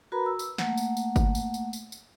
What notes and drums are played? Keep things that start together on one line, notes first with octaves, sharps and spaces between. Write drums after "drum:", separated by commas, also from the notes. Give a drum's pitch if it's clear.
F#4 A#4 B4 A#5 B5
E6
drum: tambourine
A3 A#3 F#5, drum: snare
drum: tambourine
drum: tambourine
drum: kick G1, tambourine
drum: tambourine
drum: tambourine
drum: tambourine
drum: tambourine